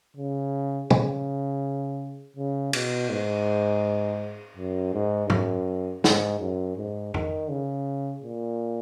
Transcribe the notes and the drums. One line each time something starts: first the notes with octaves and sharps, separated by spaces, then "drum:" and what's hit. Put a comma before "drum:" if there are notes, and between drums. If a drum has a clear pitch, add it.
C#3
C#3, drum: tom
C#3
B2, drum: cymbal
G#2
F#2
G#2
F#2, drum: tom
G#2, drum: snare
F#2
G#2
D#3, drum: tom
C#3
A#2